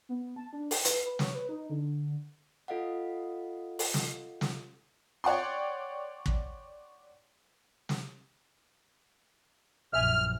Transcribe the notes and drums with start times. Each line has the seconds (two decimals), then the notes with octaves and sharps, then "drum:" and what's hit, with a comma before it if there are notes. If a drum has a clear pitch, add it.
0.09 B3
0.36 A5
0.53 D4
0.71 G5, drum: open hi-hat
0.85 B4, drum: hi-hat
1.05 B4
1.19 C#5, drum: snare
1.35 B4
1.49 D#4
1.70 D3
2.68 F4 A4 D#5 F5 F#5
3.79 drum: open hi-hat
3.94 drum: snare
4.41 drum: snare
5.24 C#5 D5 F#5 G5 C6
6.26 drum: kick
7.89 drum: snare
9.93 A#1 F#2 E5 G#5 F6